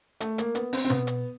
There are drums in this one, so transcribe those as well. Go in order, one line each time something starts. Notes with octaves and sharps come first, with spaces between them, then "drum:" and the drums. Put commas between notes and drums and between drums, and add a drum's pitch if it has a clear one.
A3, drum: hi-hat
A#3, drum: hi-hat
B3, drum: hi-hat
C4, drum: open hi-hat
C4
B3, drum: tom B2
drum: hi-hat